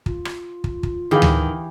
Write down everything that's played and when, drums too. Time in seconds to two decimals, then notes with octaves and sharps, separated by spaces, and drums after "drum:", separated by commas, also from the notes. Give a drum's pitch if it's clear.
0.06 F4, drum: kick
0.25 drum: rim click
0.64 drum: kick
0.83 drum: kick
1.11 D#3 E3 G4 G#4 F5
1.22 drum: tom D2